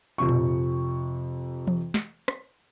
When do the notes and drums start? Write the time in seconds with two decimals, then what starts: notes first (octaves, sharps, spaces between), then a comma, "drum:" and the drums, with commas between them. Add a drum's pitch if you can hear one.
0.18 F2 C3 C#6
0.29 drum: tom A#2
1.67 drum: tom E3
1.94 drum: snare
2.28 drum: rim click